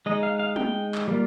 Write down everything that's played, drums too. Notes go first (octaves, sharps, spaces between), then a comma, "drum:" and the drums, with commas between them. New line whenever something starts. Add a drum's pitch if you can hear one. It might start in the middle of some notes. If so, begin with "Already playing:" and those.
G#3 D#4 D#5
F5
F5
G5, drum: tom
drum: clap
G3 A#3 F4